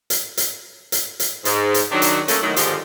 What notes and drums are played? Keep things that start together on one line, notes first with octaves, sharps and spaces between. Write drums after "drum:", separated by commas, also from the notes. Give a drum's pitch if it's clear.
drum: hi-hat
drum: hi-hat
drum: hi-hat
drum: hi-hat
G#2, drum: hi-hat
drum: hi-hat
D#3 F#3 D4
drum: hi-hat
A3 A#3 C#4, drum: hi-hat
A2 D#3 F#3
G#2 D3 D#3 F3 G4 C5, drum: hi-hat